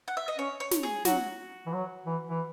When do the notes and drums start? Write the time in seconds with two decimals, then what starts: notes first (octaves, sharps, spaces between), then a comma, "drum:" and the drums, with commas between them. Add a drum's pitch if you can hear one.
0.08 F#5
0.17 E5
0.28 D#5
0.38 C#4 C#5
0.60 C#5
0.71 drum: snare
0.83 G#4
1.05 F#3 F#4, drum: snare
1.66 E3
1.73 F#3
2.06 E3
2.30 E3